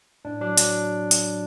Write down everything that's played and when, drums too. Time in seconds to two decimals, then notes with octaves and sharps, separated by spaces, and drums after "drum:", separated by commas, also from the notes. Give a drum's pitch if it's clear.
0.25 A2 D4
0.41 F#3 D4
0.58 F#3 D4, drum: hi-hat
1.11 drum: hi-hat